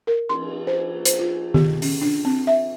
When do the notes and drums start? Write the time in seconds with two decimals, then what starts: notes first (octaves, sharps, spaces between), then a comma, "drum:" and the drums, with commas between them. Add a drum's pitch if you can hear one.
0.07 A#4
0.29 C6, drum: cymbal
0.67 C5
1.05 C5, drum: hi-hat
1.19 F4
1.54 G4, drum: tom D#3
1.82 C#4, drum: open hi-hat
2.02 D4
2.25 C4
2.47 E5